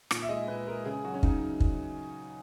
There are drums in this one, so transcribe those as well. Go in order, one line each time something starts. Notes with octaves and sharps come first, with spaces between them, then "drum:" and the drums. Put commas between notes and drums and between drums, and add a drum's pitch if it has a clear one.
A#2, drum: rim click
E5
G#3 D#5
A#2 B4
G#3 A#4
C#3 G#4
F#3 F#4
C#4
C#3 D#4, drum: kick
drum: kick